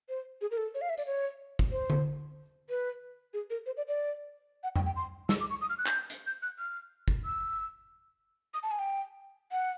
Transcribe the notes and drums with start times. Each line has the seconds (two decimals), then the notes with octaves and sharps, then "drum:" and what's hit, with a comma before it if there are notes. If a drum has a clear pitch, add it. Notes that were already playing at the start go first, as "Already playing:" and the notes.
0.09 C5
0.41 G#4
0.51 A#4
0.57 A4
0.74 C#5
0.81 F5
0.90 E5
0.98 D5, drum: tambourine
1.06 C#5
1.59 drum: kick
1.71 C5
1.90 drum: tom D3
2.70 B4
3.34 G#4
3.50 A#4
3.66 C5
3.77 D5
3.88 D5
4.63 F#5
4.76 G5, drum: tom F2
4.86 G5
4.96 C6
5.29 E6, drum: snare
5.40 D6
5.50 C#6
5.61 D#6
5.70 F6
5.78 F#6
5.87 G6, drum: clap
6.10 drum: hi-hat
6.27 G6
6.42 F#6
6.59 F6
7.08 drum: kick
7.25 E6
8.54 D#6
8.63 A5
8.71 G#5
8.79 G5
9.52 F#5